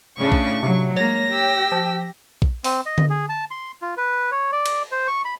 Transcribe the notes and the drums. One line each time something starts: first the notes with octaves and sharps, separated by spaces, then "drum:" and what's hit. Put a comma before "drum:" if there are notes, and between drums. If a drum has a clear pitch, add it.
A2 C#3 D4 C#6
drum: kick A#1
C3 F#3
G#3 A#3 C#5 A#6
G4 G5 E6
F3
drum: kick A#1
C4, drum: open hi-hat
D#5
drum: tom D3
G#4
A5
C6
F4
B4
C#5
D5
drum: cymbal
C5
C#6
B5